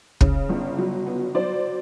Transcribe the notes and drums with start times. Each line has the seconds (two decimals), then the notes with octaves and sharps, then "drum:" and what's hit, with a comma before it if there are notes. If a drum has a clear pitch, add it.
0.21 C#3, drum: kick
0.49 G1
0.78 F#3
1.06 B3
1.35 F#3 C5 D5